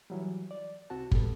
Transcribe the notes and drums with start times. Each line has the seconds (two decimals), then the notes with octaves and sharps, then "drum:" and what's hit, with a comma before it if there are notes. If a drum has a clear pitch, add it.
0.10 E3 F#3 G3
0.51 D5
0.90 C2 C4 F#4 A5
1.11 G3 B3 A4, drum: kick